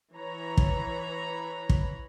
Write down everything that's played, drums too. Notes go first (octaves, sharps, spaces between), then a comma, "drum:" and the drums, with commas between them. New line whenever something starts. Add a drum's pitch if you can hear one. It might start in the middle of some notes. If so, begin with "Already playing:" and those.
E3 C#5 A#5 B5
drum: kick
drum: kick